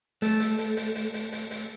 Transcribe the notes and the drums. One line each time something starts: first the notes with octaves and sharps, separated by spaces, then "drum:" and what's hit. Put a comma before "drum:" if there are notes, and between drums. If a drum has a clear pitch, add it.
A3, drum: hi-hat
drum: hi-hat
drum: hi-hat
drum: hi-hat
drum: hi-hat
drum: hi-hat
drum: hi-hat
drum: hi-hat